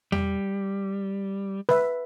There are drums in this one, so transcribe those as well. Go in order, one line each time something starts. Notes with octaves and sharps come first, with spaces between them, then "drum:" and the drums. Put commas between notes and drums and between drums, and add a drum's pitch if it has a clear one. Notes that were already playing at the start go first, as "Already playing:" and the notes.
G3, drum: tom E2
B4 E5, drum: snare